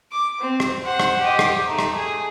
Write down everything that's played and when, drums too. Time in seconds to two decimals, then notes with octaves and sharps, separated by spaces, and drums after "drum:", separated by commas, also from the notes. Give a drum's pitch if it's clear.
0.12 D6
0.40 C4
0.60 drum: rim click
0.84 C5 F#5
1.00 drum: rim click
1.20 G4 D#5
1.39 drum: rim click
1.65 A3 D#4
1.79 drum: rim click
1.97 G#4